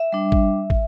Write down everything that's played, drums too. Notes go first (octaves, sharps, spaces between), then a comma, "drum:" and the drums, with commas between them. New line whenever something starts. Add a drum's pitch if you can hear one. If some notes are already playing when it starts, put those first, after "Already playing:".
Already playing: E5
G3 D4
drum: kick
drum: kick